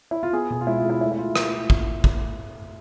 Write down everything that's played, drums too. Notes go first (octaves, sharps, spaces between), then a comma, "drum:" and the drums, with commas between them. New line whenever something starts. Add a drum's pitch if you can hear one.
E4
F4
B3 G#4
B2 G#4
F4
G#3 E4
F4
G#3
E4
A3 E4
E4
A3 F4
drum: rim click
drum: kick
drum: kick